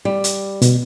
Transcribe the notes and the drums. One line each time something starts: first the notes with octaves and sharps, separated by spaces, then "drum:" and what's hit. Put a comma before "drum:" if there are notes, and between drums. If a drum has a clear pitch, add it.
G3
drum: hi-hat
B2, drum: hi-hat